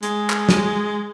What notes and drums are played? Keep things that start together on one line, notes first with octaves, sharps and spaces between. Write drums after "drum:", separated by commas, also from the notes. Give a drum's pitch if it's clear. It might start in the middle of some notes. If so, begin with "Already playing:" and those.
G#3, drum: hi-hat
drum: clap
drum: snare